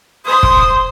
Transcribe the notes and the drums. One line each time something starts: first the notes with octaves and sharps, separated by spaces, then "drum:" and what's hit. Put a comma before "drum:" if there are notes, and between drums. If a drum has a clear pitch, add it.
C5 C6 D#6
drum: kick